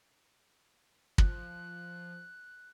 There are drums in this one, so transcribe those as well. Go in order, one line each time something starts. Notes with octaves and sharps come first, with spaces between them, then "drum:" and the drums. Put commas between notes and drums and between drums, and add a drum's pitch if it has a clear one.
F3 F#6, drum: kick